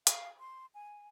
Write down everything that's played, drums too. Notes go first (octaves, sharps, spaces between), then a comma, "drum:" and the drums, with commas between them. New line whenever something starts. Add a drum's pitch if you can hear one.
F5, drum: hi-hat
C6
G#5